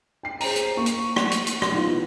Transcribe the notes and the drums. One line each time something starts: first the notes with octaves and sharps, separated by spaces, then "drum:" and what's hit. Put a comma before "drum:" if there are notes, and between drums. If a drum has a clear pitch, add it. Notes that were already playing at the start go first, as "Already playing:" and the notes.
G5 C7
G#4 C5 G5 A#5, drum: open hi-hat
drum: hi-hat
A#3 C#6
drum: hi-hat
drum: rim click
drum: hi-hat
drum: hi-hat
drum: rim click
E3 B3 D#4 F4